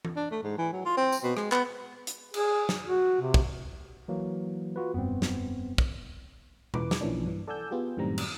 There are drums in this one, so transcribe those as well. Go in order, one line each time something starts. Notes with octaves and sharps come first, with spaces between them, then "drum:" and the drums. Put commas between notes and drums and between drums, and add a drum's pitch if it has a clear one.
drum: tom E3
D4
A3
G#2
E3
F#3
F4
C4
drum: tambourine
B2
G#3, drum: rim click
B3, drum: clap
drum: hi-hat
G#4, drum: cymbal
drum: snare
F#4
C3
drum: kick
E3 F#3 A#3
F4 F#4 B4
F1 G2 B3 C4
drum: snare
drum: kick
E2 E3 B4 D6, drum: tom B2
drum: snare
B1 E3 F3 A#3 C#4 D4
G2 E3
A4 D5 F#5 G#5 E6 G6
B3 F4 G4 G#4
F#2 A2 D#3 G3 C4 A#5
drum: cymbal